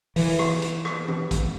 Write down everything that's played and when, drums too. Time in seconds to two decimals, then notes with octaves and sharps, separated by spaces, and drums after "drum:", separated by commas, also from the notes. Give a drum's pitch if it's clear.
0.16 E3, drum: open hi-hat
0.39 drum: rim click
0.62 drum: hi-hat
0.85 drum: rim click
1.08 drum: tom
1.31 drum: kick A1, hi-hat